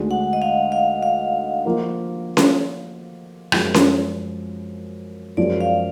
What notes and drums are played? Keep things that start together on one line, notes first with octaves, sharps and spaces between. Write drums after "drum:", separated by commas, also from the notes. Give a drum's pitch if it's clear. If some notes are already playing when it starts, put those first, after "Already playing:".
Already playing: D2 D3 G#3 D#4
F#5
D#5
F5
F5
F5
F3 A#3 F4 A#4
drum: snare C#4
F#2 F3 G#3, drum: rim click
drum: snare C#4
F#2 F3 G#3 D5
F5